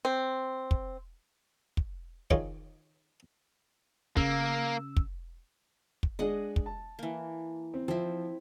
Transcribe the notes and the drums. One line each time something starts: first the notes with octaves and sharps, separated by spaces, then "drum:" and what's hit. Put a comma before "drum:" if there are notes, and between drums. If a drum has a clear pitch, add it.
C4
drum: kick
drum: kick
D#3 D#4 F4 G#4 C#5 D5, drum: kick
C#3 A#3 E6, drum: kick
drum: kick
drum: kick
G#3 D4 G#4 D#5 F#5
drum: kick
A5
E3 A#3
C4
F3 C4 E4 F4